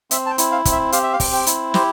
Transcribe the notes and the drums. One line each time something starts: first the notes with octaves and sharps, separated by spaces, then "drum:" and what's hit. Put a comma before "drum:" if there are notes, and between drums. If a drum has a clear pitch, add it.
C4 E5, drum: hi-hat
A5
G5
E4, drum: hi-hat
F5
C4, drum: kick, hi-hat
E5
G4 F5, drum: hi-hat
E5
F5
C4, drum: kick, open hi-hat
G5
E4, drum: hi-hat
G4 C5, drum: snare